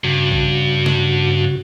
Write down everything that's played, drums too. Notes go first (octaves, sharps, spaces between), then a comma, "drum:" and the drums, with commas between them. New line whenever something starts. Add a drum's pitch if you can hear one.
G2 C#3 F#4
drum: kick A#1
drum: snare